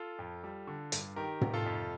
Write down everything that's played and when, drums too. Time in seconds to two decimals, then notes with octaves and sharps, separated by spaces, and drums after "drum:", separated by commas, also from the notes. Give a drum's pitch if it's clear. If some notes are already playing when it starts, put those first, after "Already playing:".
Already playing: F4 A4
0.19 F2
0.44 G3
0.67 D3
0.92 G2, drum: hi-hat
1.16 D#3 G4 A#4
1.41 C3, drum: tom
1.54 F4 A4
1.66 F2